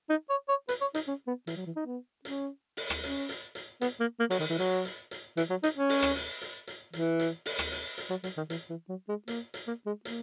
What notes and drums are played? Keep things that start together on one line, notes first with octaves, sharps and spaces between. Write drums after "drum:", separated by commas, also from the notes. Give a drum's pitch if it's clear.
D#4
C#5
C#5
B4, drum: hi-hat
C#5
D#4, drum: hi-hat
C#4
B3
E3, drum: hi-hat
F#3
E3
D#4
B3
C#4, drum: hi-hat
drum: open hi-hat
drum: rim click
C#4, drum: hi-hat
drum: hi-hat
drum: hi-hat
B3, drum: hi-hat
A#3
A#3
F#3, drum: open hi-hat
D#3
E3
F#3, drum: hi-hat
drum: hi-hat
drum: hi-hat
E3, drum: hi-hat
F#3
D#4, drum: hi-hat
C#4
drum: open hi-hat
drum: rim click
drum: hi-hat
drum: hi-hat
drum: hi-hat
E3, drum: hi-hat
drum: hi-hat
drum: open hi-hat
drum: rim click
drum: hi-hat
drum: hi-hat
F#3
F#3, drum: hi-hat
D#3
E3, drum: hi-hat
E3
F#3
G#3
A#3, drum: hi-hat
drum: hi-hat
A#3
G#3
A#3, drum: hi-hat